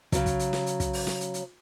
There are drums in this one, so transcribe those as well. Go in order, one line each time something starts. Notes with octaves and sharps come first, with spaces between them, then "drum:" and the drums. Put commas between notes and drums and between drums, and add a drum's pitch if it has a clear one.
C#3 F#3, drum: kick, hi-hat
drum: kick, hi-hat
drum: hi-hat
drum: snare
drum: hi-hat
drum: kick, hi-hat
drum: open hi-hat
drum: snare
drum: hi-hat
drum: hi-hat